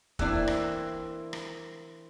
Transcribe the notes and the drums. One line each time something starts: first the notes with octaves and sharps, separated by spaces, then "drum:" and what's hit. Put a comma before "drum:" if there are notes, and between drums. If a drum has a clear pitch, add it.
E3 A3 A#3 C4 D4 E4, drum: kick
drum: rim click
drum: rim click